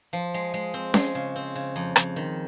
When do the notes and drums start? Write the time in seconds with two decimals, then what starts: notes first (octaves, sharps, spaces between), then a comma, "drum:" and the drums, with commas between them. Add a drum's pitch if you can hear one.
0.13 F3
0.34 G#3
0.54 G#3
0.74 C4
0.94 G#3, drum: snare C#4
1.15 C#3
1.36 C4
1.55 C#3
1.76 F2
1.96 F2, drum: rim click
2.16 D#3